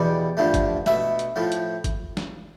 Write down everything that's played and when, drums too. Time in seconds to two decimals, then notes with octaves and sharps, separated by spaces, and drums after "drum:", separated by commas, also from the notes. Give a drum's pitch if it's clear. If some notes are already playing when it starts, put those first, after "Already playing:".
Already playing: E2 B2 G3 D5
0.37 G2 D3 F3 A3
0.54 drum: kick G1, hi-hat
0.86 B2 A3 E5, drum: snare
1.19 drum: hi-hat
1.36 A2 F3 A3
1.52 drum: hi-hat
1.84 drum: kick G1, hi-hat
2.17 drum: snare